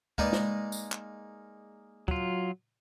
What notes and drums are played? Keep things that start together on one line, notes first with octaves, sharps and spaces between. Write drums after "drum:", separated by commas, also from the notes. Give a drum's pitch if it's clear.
G#3 A#3 D#4 B4 D5, drum: kick
drum: snare
drum: tambourine
drum: clap
F#3 F4, drum: kick